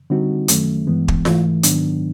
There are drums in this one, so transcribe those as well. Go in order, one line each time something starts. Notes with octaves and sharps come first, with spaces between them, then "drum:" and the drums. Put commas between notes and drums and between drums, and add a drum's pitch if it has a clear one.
D3 G3 C4 D#4 F#4
F#2 D#3 F#3 A3 C#4, drum: hi-hat
G2 E3 G#3 B3
drum: kick
G#2 E3 A3, drum: snare F4
G#2 D#3 F#3 B3 D4, drum: hi-hat